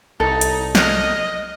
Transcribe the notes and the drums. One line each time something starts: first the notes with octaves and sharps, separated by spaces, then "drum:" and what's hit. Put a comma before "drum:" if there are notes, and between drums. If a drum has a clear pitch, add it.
C2 D#4 A4
drum: hi-hat
D#5 F6 F#6, drum: snare